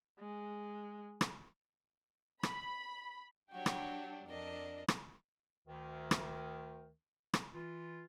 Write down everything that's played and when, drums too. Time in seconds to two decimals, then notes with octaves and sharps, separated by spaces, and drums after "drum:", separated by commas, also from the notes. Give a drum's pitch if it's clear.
0.19 G#3
1.21 drum: rim click
2.43 B5, drum: rim click
3.52 F#3 D4 F#4 G4 C#5 G5
3.66 drum: rim click
4.27 F2 D4 A#4 D5 D#5
4.88 drum: rim click
5.67 D2 D#3
6.11 drum: rim click
7.34 drum: rim click
7.53 E3 F4